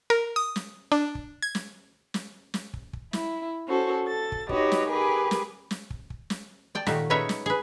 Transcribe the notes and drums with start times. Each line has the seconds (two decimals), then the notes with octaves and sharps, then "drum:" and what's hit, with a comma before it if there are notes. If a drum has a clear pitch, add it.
0.10 A#4
0.36 D#6
0.56 drum: snare
0.92 D4
1.15 drum: kick
1.42 G#6
1.55 drum: snare
2.14 drum: snare
2.54 drum: snare
2.73 drum: kick
2.93 drum: kick
3.13 E4, drum: snare
3.68 C#4 F#4 A4 C5
4.04 A4 A6
4.32 drum: kick
4.49 D#4 F#4 G4 B4 C#5 D#5, drum: kick
4.72 drum: snare
4.88 G4 G#4 A#4 B4 G#5
5.31 drum: snare
5.71 drum: snare
5.90 drum: kick
6.10 drum: kick
6.30 drum: snare
6.75 D5 G5 A5
6.86 A#2 D#3 A3 F#4 G4, drum: snare
7.10 C#4 D#4 G#4 B4 C#5 E5
7.29 drum: snare
7.46 G#4 B4